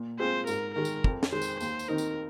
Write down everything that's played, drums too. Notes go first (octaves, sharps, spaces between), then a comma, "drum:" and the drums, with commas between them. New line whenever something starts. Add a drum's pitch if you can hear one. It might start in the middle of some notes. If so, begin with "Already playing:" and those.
Already playing: A#2
G#3 C4 F4 G#4 C5
G#2 A#4, drum: tambourine
D#3 G#3 A#4
drum: tambourine
F2, drum: kick
drum: snare
D#3 G#3 C5
drum: tambourine
D#2 C5, drum: tambourine
drum: tambourine
D#3 C4 D#4 A#4
drum: tambourine